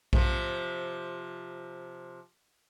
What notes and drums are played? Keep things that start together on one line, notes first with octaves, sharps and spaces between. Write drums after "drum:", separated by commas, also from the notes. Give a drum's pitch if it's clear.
C3 F3, drum: kick A#1